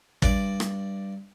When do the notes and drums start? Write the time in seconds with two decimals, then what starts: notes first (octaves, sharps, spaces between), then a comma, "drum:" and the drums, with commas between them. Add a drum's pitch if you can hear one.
0.22 G2 D5 D6, drum: kick
0.60 drum: rim click